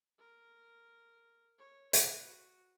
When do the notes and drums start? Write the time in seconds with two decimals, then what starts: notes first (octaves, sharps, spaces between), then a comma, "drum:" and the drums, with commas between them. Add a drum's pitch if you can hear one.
0.19 A#4
1.58 C#5
1.93 B4, drum: hi-hat
2.28 F#4